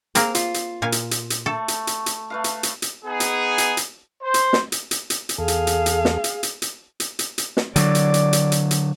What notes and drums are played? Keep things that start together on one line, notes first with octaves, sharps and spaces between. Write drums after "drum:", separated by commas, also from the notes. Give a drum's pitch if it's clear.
A#3 C4 G#4 A#4, drum: hi-hat
F4, drum: hi-hat
drum: hi-hat
A#2 F5 G#5
drum: hi-hat
drum: hi-hat
drum: hi-hat
A3 A4
drum: hi-hat
drum: hi-hat
drum: hi-hat
A3 B4 F5
drum: hi-hat
drum: hi-hat
drum: hi-hat
B3 D#4 G#4
drum: hi-hat
drum: hi-hat
drum: hi-hat
C5
drum: hi-hat
drum: snare
drum: hi-hat
drum: hi-hat
drum: hi-hat
drum: hi-hat
E2 G#4 A4 F5
drum: hi-hat
drum: hi-hat
drum: hi-hat
drum: snare
drum: hi-hat
drum: hi-hat
drum: hi-hat
drum: hi-hat
drum: hi-hat
drum: hi-hat
drum: snare
D3 F#3 D5, drum: hi-hat
drum: hi-hat
drum: hi-hat
drum: hi-hat
drum: hi-hat
drum: hi-hat